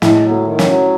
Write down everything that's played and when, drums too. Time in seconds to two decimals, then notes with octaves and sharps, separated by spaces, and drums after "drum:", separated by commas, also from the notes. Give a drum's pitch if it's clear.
0.02 A2 G#3, drum: snare
0.23 F#3
0.31 A3
0.45 D#3
0.59 C#4, drum: snare
0.66 F#3